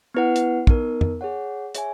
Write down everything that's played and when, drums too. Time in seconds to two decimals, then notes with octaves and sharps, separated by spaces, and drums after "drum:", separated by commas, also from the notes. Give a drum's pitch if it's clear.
0.14 B3 E4 B4 F#5
0.36 drum: hi-hat
0.67 B3 D#4 A#4, drum: kick
1.01 drum: tom F2
1.21 G#4 C#5 F#5
1.75 G#4 C#5 E5 G#5, drum: hi-hat